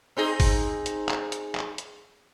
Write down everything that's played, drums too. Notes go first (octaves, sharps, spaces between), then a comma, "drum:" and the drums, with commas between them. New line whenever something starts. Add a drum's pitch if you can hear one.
C4 D#4 G#4
drum: kick, open hi-hat
drum: hi-hat
drum: clap
drum: hi-hat
drum: clap
drum: hi-hat